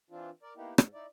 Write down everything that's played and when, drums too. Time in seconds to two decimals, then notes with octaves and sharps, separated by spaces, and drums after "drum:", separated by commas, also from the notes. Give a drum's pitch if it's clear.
0.10 E3 C4 D4 F4
0.43 A#4 D5
0.56 A#3 B3 D#4 E4 G4
0.78 G#2, drum: rim click
0.94 D#4 E4 D5